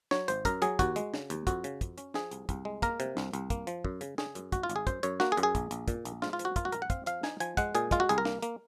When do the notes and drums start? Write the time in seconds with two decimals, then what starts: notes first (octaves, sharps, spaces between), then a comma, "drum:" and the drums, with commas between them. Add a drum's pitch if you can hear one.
0.11 F#3 C#5, drum: snare
0.28 G#1 C5, drum: hi-hat
0.45 F#2 A#4, drum: kick, hi-hat
0.62 F#3 G#4, drum: hi-hat
0.79 D#2 F#4, drum: kick, hi-hat
0.96 G#3, drum: hi-hat
1.14 C#3, drum: snare
1.30 D#2, drum: hi-hat
1.47 F2 F#4, drum: kick, hi-hat
1.64 C#3, drum: hi-hat
1.81 F2, drum: kick, hi-hat
1.98 C#4, drum: hi-hat
2.14 F3 G#4, drum: snare
2.31 C2, drum: hi-hat
2.49 C2, drum: kick, hi-hat
2.65 G#3
2.82 A#3 A#4, drum: kick, hi-hat
3.00 C3, drum: hi-hat
3.17 C2, drum: snare
3.33 C2, drum: hi-hat
3.50 A#3, drum: kick, hi-hat
3.67 F3, drum: hi-hat
3.85 F#2, drum: kick
4.01 C#3, drum: hi-hat
4.18 C#3 G#4, drum: snare
4.35 F#2, drum: hi-hat
4.52 G#1 F#4, drum: kick, hi-hat
4.63 F4
4.69 G#1, drum: hi-hat
4.76 G#4
4.87 F#2 C5, drum: kick, hi-hat
5.03 F#2 C#5, drum: hi-hat
5.20 A#3 F#4, drum: snare
5.32 G#4
5.37 F#2, drum: hi-hat
5.43 G#4
5.55 A#1, drum: kick, hi-hat
5.71 A#1, drum: hi-hat
5.88 A#2, drum: kick, hi-hat
6.05 A#1, drum: hi-hat
6.22 G#2 F4, drum: snare
6.33 F4
6.39 F3, drum: hi-hat
6.45 F#4
6.56 A#3 F4, drum: kick, hi-hat
6.65 F#4
6.72 A#1 A#4, drum: hi-hat
6.82 F#5
6.90 C4 F5, drum: kick, hi-hat
7.06 F3 F5, drum: hi-hat
7.23 D#4 G#5, drum: snare
7.40 F3 G#5, drum: hi-hat
7.57 G#3 F#5, drum: kick, hi-hat
7.75 A#2 G#4, drum: hi-hat
7.91 G#3 F4, drum: kick, hi-hat
8.00 F#4
8.09 C2 G#4, drum: hi-hat
8.18 A#4
8.25 A#3, drum: snare
8.42 A#3, drum: hi-hat